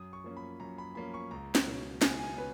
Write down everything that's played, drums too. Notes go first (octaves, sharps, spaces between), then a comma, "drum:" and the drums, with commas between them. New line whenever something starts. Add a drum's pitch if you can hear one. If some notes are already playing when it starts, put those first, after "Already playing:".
Already playing: F#2 D#6
C#6
F3 A#3 C#4
B5
F#2 A#5
B5
F3 A#3 C#4 B5
C#6
C#2 A#5
drum: snare
B2 F#3 C#4
C#2 G#5, drum: snare
G#5
C#4 B4